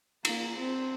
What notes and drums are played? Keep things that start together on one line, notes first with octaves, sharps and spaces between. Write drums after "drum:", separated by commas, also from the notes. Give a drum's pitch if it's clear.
A#3, drum: cymbal
C4